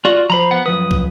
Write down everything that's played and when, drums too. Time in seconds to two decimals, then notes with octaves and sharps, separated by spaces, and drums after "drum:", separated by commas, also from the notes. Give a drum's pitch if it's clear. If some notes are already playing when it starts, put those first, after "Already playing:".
0.05 F4 F#4 D5
0.30 F3 C5 A#5 B5
0.51 B3 F#5
0.66 F#2 F3 B4 D#6
0.91 drum: kick